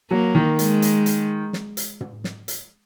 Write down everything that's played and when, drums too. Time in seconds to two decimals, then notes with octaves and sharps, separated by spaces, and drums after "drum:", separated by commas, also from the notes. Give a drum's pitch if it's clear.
0.11 F#3 A#3
0.35 D#3
0.59 G#3, drum: hi-hat
0.82 drum: hi-hat
1.06 drum: hi-hat
1.53 drum: snare
1.77 drum: hi-hat
2.01 drum: tom
2.24 drum: snare
2.48 drum: hi-hat